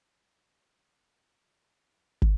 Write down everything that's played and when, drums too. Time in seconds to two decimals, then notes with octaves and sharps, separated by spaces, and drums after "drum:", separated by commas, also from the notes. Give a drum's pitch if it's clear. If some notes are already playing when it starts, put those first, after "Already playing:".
0.98 D#4 F#4 A4 C5 D5 E5
2.22 drum: kick